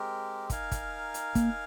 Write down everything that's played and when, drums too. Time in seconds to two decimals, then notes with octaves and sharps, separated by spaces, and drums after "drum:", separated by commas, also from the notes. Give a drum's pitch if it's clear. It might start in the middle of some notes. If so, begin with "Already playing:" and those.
Already playing: G#3 C4 G4 A#4
0.50 D#4 A#4 F5 G#5, drum: kick, hi-hat
0.72 drum: kick, hi-hat
1.14 drum: hi-hat
1.35 A#3, drum: kick, hi-hat